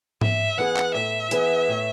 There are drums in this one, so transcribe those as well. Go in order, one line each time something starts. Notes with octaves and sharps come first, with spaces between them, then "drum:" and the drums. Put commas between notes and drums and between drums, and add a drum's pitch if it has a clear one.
A2 E5, drum: tom G#2
E3 B3 E4 G#4 F#5
drum: clap
A2 E5
E3 B3 E4 G#4, drum: hi-hat
A2